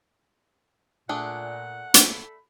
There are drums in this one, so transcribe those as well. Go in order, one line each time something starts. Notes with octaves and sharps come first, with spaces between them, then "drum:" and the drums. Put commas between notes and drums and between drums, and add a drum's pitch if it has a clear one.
A#2 A3 D4 G#4 F#5
A4 B5, drum: hi-hat